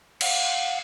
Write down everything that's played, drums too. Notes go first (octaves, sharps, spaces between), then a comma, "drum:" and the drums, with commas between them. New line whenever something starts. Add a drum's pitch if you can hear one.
F5 F#5, drum: cymbal